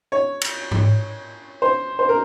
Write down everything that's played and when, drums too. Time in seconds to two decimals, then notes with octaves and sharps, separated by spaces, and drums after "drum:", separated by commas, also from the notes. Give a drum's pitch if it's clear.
0.12 C#5
0.41 drum: cymbal
0.71 drum: tom G#2
1.62 C5
1.99 C5
2.09 A#4